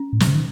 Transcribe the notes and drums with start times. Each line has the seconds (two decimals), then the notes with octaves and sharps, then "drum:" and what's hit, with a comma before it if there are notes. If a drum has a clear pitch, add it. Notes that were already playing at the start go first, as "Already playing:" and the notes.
Already playing: C#4
0.13 A2
0.20 B2, drum: snare
0.27 C#3
0.34 D#3